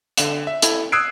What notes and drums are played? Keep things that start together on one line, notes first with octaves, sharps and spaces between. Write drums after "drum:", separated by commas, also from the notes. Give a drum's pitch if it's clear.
D3 E7, drum: hi-hat
E5
E4 A4, drum: hi-hat
D#6 E6 F#6 G#6 C7 D7